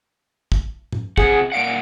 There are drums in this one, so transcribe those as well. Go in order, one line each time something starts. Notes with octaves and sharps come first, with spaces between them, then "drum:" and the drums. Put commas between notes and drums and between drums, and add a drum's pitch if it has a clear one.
drum: kick
drum: tom A2
C3 G#4 F#5, drum: kick
A#2 F5 F#5 D7